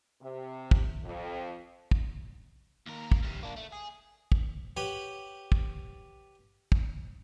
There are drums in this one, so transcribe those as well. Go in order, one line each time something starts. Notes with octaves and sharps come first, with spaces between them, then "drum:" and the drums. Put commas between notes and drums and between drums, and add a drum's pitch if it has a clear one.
C3
drum: kick
F2
drum: kick
D#2 A#4
drum: kick
G2 C3
A#3 D4
A3
G#4
drum: kick
G4 B4 C#5 F#5 G5 B5
drum: kick
drum: kick